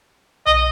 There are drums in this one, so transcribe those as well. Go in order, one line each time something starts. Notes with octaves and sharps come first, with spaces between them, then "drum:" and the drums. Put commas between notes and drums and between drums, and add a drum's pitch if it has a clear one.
D#5, drum: tom B1